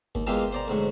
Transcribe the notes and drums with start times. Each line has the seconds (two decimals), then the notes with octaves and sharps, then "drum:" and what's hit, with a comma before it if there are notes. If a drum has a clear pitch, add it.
0.15 D#2, drum: kick G1
0.27 E2 G#3 A#3 F4 G4 E5
0.53 C5 D5 A#5
0.68 D2 G#2 F#3